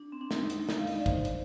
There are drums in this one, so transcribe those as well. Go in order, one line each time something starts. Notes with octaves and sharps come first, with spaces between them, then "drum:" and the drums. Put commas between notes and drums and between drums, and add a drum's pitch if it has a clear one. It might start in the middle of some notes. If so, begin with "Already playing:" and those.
Already playing: D4
C4
D4
D#4, drum: snare
drum: hi-hat
drum: snare
F5
D#5, drum: open hi-hat
D5
C5, drum: kick, hi-hat
drum: hi-hat